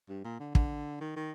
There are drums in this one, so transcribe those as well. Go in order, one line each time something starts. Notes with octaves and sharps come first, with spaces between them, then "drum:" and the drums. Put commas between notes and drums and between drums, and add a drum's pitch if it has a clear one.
G2
A#2
D3
D3, drum: kick
D#3
D#3